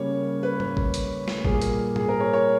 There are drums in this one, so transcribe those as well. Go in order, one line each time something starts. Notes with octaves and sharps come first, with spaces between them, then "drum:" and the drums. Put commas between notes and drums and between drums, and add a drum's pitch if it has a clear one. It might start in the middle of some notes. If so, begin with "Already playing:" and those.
Already playing: C#3 G3 A#3 C#5
B4
drum: tom G#2
drum: kick
drum: hi-hat
drum: snare
A#2 G3 A#3 G#4, drum: kick
drum: hi-hat
G#4, drum: tom G#2
A#4
C#5
C#5